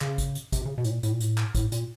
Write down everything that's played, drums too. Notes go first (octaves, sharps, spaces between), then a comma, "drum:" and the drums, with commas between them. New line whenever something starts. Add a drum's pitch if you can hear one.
C#3, drum: clap
drum: kick, hi-hat
drum: hi-hat
C3, drum: kick, hi-hat
C#3
B2
A2, drum: hi-hat
A#2
A2, drum: hi-hat
A#2
A2, drum: hi-hat
drum: clap
A2, drum: kick, hi-hat
A#2, drum: hi-hat